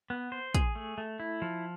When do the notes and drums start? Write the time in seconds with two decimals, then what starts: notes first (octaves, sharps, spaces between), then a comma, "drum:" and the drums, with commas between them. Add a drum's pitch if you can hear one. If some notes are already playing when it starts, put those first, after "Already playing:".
0.10 B3
0.32 C5
0.55 G#4, drum: kick, hi-hat
0.75 A3
0.98 A3
1.20 E4
1.42 F3